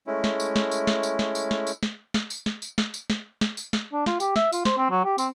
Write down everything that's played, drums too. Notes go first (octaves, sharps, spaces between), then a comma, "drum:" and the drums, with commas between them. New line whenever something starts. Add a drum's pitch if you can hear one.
G#3 A3 C#4 E4
drum: snare
drum: tambourine
drum: snare
drum: tambourine
drum: snare
drum: tambourine
drum: snare
drum: tambourine
drum: snare
drum: tambourine
drum: snare
drum: snare
drum: tambourine
drum: snare
drum: tambourine
drum: snare
drum: tambourine
drum: snare
drum: snare
drum: tambourine
drum: snare
D4
F4, drum: snare
G4, drum: tambourine
E5, drum: snare
F4, drum: tambourine
C5, drum: snare
C4
F#3
G4
C4, drum: tambourine